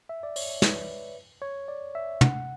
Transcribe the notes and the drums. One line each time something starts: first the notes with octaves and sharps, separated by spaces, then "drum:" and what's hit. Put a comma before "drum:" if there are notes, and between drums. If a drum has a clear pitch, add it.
E5
D5
C#5, drum: open hi-hat
C#5
B4, drum: snare
C#5
D5
E5
F#5, drum: tom